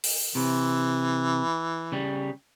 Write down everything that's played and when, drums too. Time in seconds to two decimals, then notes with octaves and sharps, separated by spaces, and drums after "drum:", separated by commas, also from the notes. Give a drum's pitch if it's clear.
0.04 drum: open hi-hat
0.35 C3 E3
1.92 C#3 G3